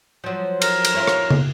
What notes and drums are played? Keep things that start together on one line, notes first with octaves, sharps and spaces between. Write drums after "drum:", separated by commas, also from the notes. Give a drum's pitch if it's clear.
F3 F#3
A#4, drum: cymbal
drum: cymbal
C#4 E4 F4
drum: rim click
drum: tom